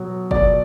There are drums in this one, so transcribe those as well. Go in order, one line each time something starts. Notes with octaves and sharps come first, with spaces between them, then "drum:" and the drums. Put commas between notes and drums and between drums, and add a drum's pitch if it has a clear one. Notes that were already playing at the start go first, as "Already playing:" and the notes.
Already playing: B2 F#3
B2 D5, drum: kick F#1